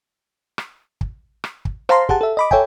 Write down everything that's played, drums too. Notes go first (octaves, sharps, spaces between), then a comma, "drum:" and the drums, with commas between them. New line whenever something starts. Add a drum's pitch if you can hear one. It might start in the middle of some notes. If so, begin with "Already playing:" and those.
drum: rim click
drum: kick
drum: rim click
drum: kick
C5 F5 A5 A#5 C6, drum: rim click
G4 G#4 F#5 A5, drum: kick
A4 E5
D#5 B5 D6
A4 C#5 E5 G5 G#5, drum: kick